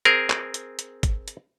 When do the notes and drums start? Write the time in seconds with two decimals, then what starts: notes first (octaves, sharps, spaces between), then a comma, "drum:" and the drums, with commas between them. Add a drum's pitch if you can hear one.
0.05 C4 G#4 A#4, drum: hi-hat
0.30 drum: clap
0.54 drum: hi-hat
0.79 drum: hi-hat
1.03 drum: kick, hi-hat
1.28 drum: hi-hat